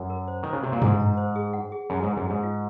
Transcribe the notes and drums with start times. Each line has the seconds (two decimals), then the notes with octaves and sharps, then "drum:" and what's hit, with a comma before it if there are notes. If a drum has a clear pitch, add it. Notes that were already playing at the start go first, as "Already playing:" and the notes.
Already playing: F#2
0.10 A#4
0.28 C5
0.43 D#3 C5
0.53 C#3
0.63 C3 F#4
0.72 A#2
0.82 G#2 F#4, drum: tom G2
1.00 A#5
1.17 C5
1.36 G#4
1.53 F#5
1.72 G#4
1.90 F#2 G#4
2.03 G#2 G#4
2.17 F#2
2.25 G#2 G#4
2.43 F4